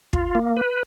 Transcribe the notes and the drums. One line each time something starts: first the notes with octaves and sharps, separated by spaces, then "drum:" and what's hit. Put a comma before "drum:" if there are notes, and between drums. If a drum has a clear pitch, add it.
F4, drum: kick
A#3
B4